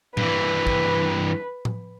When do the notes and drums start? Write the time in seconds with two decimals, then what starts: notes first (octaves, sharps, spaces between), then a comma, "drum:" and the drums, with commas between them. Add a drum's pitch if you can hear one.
0.17 G2 E3 B4, drum: tom A2
0.67 drum: kick
1.65 drum: tom A2